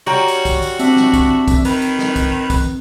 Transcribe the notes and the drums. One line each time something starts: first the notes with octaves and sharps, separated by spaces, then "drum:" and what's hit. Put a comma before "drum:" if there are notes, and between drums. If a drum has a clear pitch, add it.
G3 F#4 C#5 G5 A#5
drum: tambourine
drum: kick, tambourine
drum: tambourine
C4 D4 E5, drum: tambourine
drum: snare
drum: kick, tambourine
drum: kick, tambourine
D#3 B4 F#6, drum: tambourine
drum: tambourine
drum: snare
drum: kick, tambourine
drum: kick, tambourine